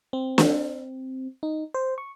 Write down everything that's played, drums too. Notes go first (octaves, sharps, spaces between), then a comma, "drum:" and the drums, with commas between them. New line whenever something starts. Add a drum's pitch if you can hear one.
C4
drum: snare
D#4
C5
C#6